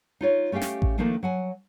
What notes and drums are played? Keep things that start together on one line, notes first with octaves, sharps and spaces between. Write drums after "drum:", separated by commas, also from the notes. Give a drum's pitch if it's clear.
D#4 F4 C#5
A3 C#4 G4 F5 G5
drum: snare
drum: kick A1
D#3 F3 A3 A#3 D4 D#4
F#3 F#5 G#5